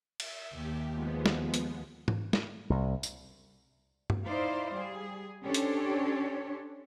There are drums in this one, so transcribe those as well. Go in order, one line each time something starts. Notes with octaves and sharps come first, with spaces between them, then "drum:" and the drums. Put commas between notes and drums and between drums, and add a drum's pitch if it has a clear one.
E5, drum: cymbal
D#2 G4
F3 G#3 B3
drum: snare
drum: hi-hat
drum: tom G#2
drum: snare
C2
drum: tambourine
drum: tom G2
D#4 E4 C5 D5 F5
G3 G#4
C#4 D4 G4 A4 C5 C#5
drum: hi-hat